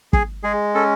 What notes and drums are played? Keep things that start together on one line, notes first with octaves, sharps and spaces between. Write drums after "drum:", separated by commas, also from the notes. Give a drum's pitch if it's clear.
G#4, drum: kick
G#3 G#4
C#4 A4